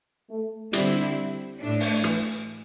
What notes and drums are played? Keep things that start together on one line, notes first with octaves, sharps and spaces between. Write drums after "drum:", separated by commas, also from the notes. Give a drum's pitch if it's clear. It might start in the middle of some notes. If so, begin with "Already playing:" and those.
A3
D3 G3 C4 E4, drum: hi-hat
A2 A3 D4
drum: open hi-hat
E3, drum: rim click